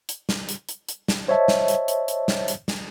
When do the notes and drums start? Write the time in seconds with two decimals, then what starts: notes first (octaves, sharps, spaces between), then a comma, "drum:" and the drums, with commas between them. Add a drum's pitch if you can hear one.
0.09 drum: hi-hat
0.29 drum: snare
0.49 drum: hi-hat
0.69 drum: hi-hat
0.89 drum: hi-hat
1.08 drum: snare
1.28 C5 C#5 D#5 E5 A5
1.48 drum: snare
1.68 drum: hi-hat
1.88 drum: hi-hat
2.08 drum: hi-hat
2.28 drum: snare
2.48 drum: hi-hat
2.68 drum: snare